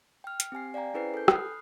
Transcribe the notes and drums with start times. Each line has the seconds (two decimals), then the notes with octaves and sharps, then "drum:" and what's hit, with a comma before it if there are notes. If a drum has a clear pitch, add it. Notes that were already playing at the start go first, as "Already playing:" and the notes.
0.24 G5 F6
0.40 drum: hi-hat
0.52 C4 G4 G#5 C7
0.74 D5 F5 G5 G#5 A#5
0.94 C#4 E4 G#4 B4 C5 C7
1.14 A4 G#5 G6
1.28 B5 D#6 F6 F#6 C7, drum: rim click